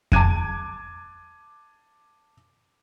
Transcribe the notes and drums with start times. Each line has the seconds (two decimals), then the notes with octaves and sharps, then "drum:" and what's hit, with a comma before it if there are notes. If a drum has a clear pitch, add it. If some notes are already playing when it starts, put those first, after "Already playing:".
0.12 A5 D6 G#6 D#7, drum: kick F2